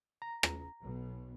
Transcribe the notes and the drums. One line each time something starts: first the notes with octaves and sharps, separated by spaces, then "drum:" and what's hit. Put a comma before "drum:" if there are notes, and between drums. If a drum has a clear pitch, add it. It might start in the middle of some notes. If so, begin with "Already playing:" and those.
A#5
drum: rim click
B1 B2